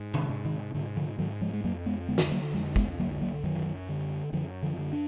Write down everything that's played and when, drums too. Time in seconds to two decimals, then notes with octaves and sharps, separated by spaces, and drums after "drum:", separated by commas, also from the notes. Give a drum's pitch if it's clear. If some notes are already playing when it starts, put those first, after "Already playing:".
Already playing: G#2
0.14 D#3, drum: tom C3
0.29 G#2
0.45 D#3
0.74 G#2 D3
0.96 D3 F3
1.19 G#2 D#3 F#3
1.41 F3 G#3
1.53 G#3
1.64 F2 F#3 A#3
1.86 G#3 B3
2.09 D3 G#3 B3
2.18 drum: snare
2.31 F#3 A#3
2.53 F2 F3 G#3
2.76 G#3 B3, drum: kick
2.99 D3 F#3 A#3
3.21 F#3 A#3
3.44 F#2 D#3 F#3
3.89 D3
4.33 F#2 D3 F3
4.63 D3 F3
4.78 D3
4.93 D4